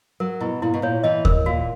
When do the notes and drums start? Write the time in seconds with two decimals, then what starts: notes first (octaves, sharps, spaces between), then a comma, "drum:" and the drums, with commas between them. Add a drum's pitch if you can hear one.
0.20 F#3 A#4
0.40 B2 E4
0.62 A#2 E4
0.74 B2
0.82 A#2 C#5
1.04 E3 D#5
1.25 A#4, drum: kick D#2
1.46 A#2 F#4